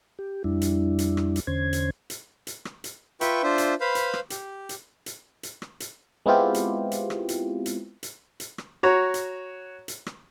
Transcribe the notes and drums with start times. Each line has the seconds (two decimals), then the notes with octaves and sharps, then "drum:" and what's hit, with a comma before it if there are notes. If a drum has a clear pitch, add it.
0.19 G4
0.44 F2 G3 D4 E4
0.61 drum: hi-hat
0.99 drum: hi-hat
1.17 drum: rim click
1.36 drum: hi-hat
1.47 E2 D3 C#4 C5 G#6
1.73 drum: hi-hat
2.10 drum: hi-hat
2.47 drum: hi-hat
2.65 drum: rim click
2.84 drum: hi-hat
3.21 F4 B4 E5 G5 C#6, drum: hi-hat
3.43 D4 F4 C5 E5
3.58 drum: hi-hat
3.81 B4 C5 F5 B5
3.95 drum: hi-hat
4.14 drum: rim click
4.30 G4, drum: hi-hat
4.69 drum: hi-hat
5.06 drum: hi-hat
5.43 drum: hi-hat
5.62 drum: rim click
5.80 drum: hi-hat
6.26 G#3 B3 C4 E4 F4 G4
6.54 drum: hi-hat
6.91 drum: hi-hat
7.10 drum: rim click
7.29 drum: hi-hat
7.66 drum: hi-hat
8.03 drum: hi-hat
8.40 drum: hi-hat
8.58 drum: rim click
8.83 F#4 C#5 A#5
9.14 drum: hi-hat
9.88 drum: hi-hat
10.06 drum: rim click